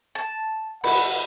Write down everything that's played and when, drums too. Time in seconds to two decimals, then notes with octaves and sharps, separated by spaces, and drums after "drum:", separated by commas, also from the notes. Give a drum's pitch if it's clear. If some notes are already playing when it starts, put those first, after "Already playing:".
0.15 A5
0.84 B4 F#5, drum: cymbal